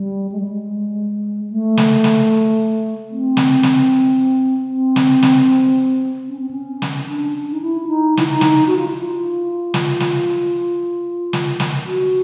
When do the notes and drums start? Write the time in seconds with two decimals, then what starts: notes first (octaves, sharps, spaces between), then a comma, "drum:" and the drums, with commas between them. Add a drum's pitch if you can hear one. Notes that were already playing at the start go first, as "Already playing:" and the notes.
Already playing: G3
0.32 G#3
0.40 G3
0.48 G#3
1.50 A3
1.77 drum: snare
2.04 drum: snare
3.11 C4
3.37 drum: snare
3.63 drum: snare
4.69 C4
4.96 drum: snare
5.23 drum: snare
6.29 C#4
6.39 C4
6.51 C#4
6.82 drum: snare
7.08 D4
7.52 D#4
7.61 E4
7.88 D#4
8.17 E4, drum: snare
8.28 D#4
8.41 drum: snare
8.67 F#4
8.77 F4
8.87 E4
8.97 F4
9.74 drum: snare
10.00 drum: snare
11.33 drum: snare
11.60 drum: snare
11.86 F#4